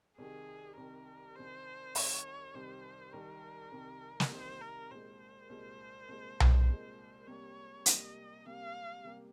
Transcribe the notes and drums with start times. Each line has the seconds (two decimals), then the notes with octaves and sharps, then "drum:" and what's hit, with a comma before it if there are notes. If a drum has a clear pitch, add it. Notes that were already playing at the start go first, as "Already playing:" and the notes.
0.17 C2 C3 D#3 G#4
0.77 C2 C3 D#3 A#4
1.36 C2 C3 D#3 C5
1.95 C2 C3 D#3 C#5, drum: open hi-hat
2.54 C2 C3 D#3 G3 C5
3.13 C2 C3 D#3 G3 A#4
3.72 C2 C3 D#3 G3
4.20 drum: snare
4.31 C2 C3 D#3 G3 C5
4.61 A#4
4.91 C2 A#2 G#3 C5
5.49 C2 A#2 G#3
6.08 C2 A#2 G#3
6.40 drum: tom B1
6.69 C2 A#2 G#3
7.27 C3 G3 A#3 C#5
7.86 C3 G3 A#3 D#5, drum: hi-hat
8.46 C3 G3 A#3 F5
9.04 C3 G3 A#3